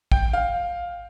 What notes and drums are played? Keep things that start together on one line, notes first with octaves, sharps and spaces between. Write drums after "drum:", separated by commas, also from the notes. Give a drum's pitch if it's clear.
G5, drum: kick
F5